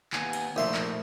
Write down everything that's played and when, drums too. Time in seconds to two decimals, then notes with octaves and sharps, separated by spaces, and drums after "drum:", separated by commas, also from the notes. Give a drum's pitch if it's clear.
0.13 D#2 B3 G#5, drum: clap
0.33 drum: cymbal
0.56 A#1 A3 D#4 E5 C6
0.74 drum: clap